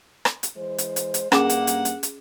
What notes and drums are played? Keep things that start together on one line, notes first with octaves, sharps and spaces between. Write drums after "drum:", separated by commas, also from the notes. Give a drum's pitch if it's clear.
drum: rim click
drum: hi-hat
E3 G#3 C5
drum: hi-hat
drum: hi-hat
drum: hi-hat
G2 A#3 C#4 G#4 F#5 D6 E7, drum: rim click
drum: hi-hat
drum: hi-hat
drum: hi-hat
drum: hi-hat